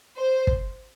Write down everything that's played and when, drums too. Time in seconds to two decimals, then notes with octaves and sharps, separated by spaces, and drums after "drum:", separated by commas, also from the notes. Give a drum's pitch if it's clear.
0.18 C5
0.47 drum: kick